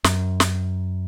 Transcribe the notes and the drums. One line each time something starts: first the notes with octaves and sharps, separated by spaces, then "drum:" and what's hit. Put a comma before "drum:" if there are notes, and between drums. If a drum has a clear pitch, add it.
F#2, drum: snare
drum: snare